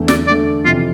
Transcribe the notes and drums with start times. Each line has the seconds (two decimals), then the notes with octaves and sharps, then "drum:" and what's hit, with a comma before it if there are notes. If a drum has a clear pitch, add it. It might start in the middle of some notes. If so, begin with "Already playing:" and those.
Already playing: E2 D3 A3
0.08 D5, drum: snare
0.27 E2 D3 A3 D5
0.65 F2 C3 E3 F4